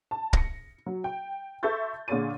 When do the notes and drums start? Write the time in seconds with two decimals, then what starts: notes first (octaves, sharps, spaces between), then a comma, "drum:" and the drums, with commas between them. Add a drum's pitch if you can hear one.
0.11 A5
0.33 A#6 C#7, drum: kick
0.86 F#3
1.04 G5
1.63 A4 E5 C6 C#6 G6 A6
2.08 A#2 D3 G#4 C#5 A6 D#7